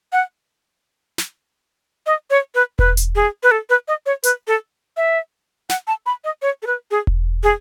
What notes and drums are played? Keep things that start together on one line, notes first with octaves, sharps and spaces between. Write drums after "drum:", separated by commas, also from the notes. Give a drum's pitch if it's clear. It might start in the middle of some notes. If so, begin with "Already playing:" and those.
F#5
drum: snare
D#5
C#5
B4
B4, drum: kick E1
drum: hi-hat
G#4
B4
A4
B4
D#5
C#5
B4, drum: hi-hat
A4
E5
F#5, drum: snare
A5
B5
D#5
C#5
A4
B4
G#4
drum: kick E1
G#4